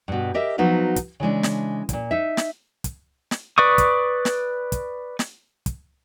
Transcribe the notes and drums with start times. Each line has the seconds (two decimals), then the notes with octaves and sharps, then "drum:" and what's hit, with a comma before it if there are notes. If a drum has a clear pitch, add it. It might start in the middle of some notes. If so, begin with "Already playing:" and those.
0.08 G2 B2
0.34 G4 A#4 D#5 E5
0.58 F3 F#3 B3 D#4 F#4
0.96 drum: kick, hi-hat
1.20 C#3 E3 G#3 D4
1.43 drum: snare
1.89 D#2 A#2, drum: kick, hi-hat
2.11 D#4 E5
2.37 drum: snare
2.84 drum: kick, hi-hat
3.31 drum: snare
3.58 B4 D5 C#6 D#6
3.78 drum: kick, hi-hat
4.25 drum: snare
4.72 drum: kick, hi-hat
5.19 drum: snare
5.66 drum: kick, hi-hat